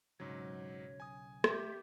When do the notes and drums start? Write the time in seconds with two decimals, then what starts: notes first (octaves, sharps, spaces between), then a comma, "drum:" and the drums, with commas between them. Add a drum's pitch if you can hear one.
0.20 B1 G#2 C#3 F#3 C#5
1.00 G#5 D#6
1.44 A3 G4 E5, drum: rim click